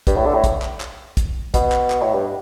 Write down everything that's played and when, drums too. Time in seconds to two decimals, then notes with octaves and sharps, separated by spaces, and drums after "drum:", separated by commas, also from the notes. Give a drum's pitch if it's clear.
0.07 G2, drum: kick, hi-hat
0.17 A2
0.25 D3
0.34 A2
0.44 drum: kick, hi-hat
0.62 drum: clap
0.80 drum: clap
1.17 drum: kick, hi-hat
1.54 B2, drum: kick, hi-hat
1.72 drum: clap
1.90 drum: clap
2.02 A2
2.14 G2